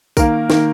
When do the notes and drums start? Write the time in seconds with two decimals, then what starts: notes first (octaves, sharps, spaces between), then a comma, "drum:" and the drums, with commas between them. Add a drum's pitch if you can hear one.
0.17 D#3 A#3 A#4, drum: kick B1, tambourine
0.50 D#3 A#3, drum: snare